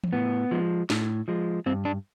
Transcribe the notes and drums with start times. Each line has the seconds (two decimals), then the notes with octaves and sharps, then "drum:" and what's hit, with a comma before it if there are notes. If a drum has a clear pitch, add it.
0.04 drum: tom E3
0.13 A2 B3
0.51 F3 G#3
0.90 A2, drum: snare
1.28 F3 G#3
1.66 G2 C4
1.85 D4